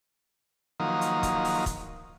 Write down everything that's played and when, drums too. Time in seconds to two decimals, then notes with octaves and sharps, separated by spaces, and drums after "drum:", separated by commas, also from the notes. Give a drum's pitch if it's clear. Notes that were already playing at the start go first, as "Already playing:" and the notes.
0.80 D#3 F3 F#3 A#3 D#4
1.01 drum: hi-hat
1.23 drum: kick, hi-hat
1.44 drum: open hi-hat
1.66 drum: kick, hi-hat